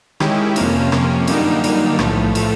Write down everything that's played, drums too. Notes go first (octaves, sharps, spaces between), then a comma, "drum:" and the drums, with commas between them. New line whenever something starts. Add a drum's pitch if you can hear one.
D#3 G#3 C#4 E4 G4, drum: rim click
F2 C3 F3 A#3 C#4, drum: cymbal
F2 C3 F3 A#3 C#4, drum: rim click
F#2 D3 G3 A#3 D#4, drum: cymbal
F#2 D3 G3 A#3 D#4, drum: cymbal
B1 A2 F3 A3, drum: rim click
A2 F3 A3, drum: cymbal